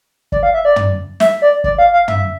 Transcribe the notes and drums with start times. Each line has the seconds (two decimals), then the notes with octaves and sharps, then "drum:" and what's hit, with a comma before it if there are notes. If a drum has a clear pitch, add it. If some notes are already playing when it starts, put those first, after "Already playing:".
0.32 D5, drum: kick
0.43 F5
0.54 E5
0.65 D5
0.76 drum: tom
1.20 E5, drum: snare
1.42 D5
1.64 D5, drum: kick
1.78 F5
1.93 F5
2.08 E5, drum: tom